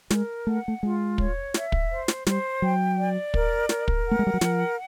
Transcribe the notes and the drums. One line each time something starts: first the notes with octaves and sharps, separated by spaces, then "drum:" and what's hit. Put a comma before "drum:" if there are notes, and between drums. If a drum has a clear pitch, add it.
G#3 A#4, drum: snare
A3 F#5
A3
G#3 F4
C#5, drum: kick
E5, drum: snare
drum: kick
C5
drum: snare
G3 C5, drum: snare
F#3 G5
D5
A#4, drum: kick
A#4, drum: snare
drum: kick
F#5
A3
G#3
G3
F#3
F3 A#4, drum: snare